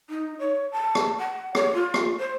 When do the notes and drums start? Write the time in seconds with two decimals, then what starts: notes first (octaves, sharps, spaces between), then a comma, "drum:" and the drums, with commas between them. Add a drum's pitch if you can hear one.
0.10 D#4
0.39 C#5
0.72 A5
0.95 drum: rim click
1.19 F#5
1.55 C#5, drum: rim click
1.74 F4
1.94 drum: rim click
2.19 C5